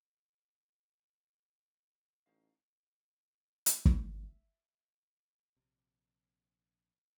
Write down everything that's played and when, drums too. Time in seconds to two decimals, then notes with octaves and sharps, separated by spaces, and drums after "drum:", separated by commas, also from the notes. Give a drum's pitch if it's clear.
2.26 A1 C#4 D#4 F5
3.66 drum: hi-hat
3.85 E5, drum: kick
5.57 A#1 C3